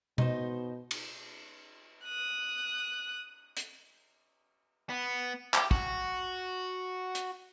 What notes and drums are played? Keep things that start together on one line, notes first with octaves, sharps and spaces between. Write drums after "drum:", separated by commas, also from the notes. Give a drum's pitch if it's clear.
B2 D#4 C5, drum: tom
drum: cymbal
D#6 F#6
drum: hi-hat
B3
G4, drum: clap
F#4, drum: kick
drum: hi-hat